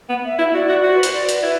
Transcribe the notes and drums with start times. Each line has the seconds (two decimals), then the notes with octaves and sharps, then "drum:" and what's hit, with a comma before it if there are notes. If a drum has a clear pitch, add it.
0.09 B3
0.24 E5
0.38 E4
0.53 F#4 D5
0.69 F#4
0.83 F#4 C5
0.94 B4
1.03 C5, drum: hi-hat
1.13 D5
1.29 B4, drum: hi-hat
1.43 E4 B4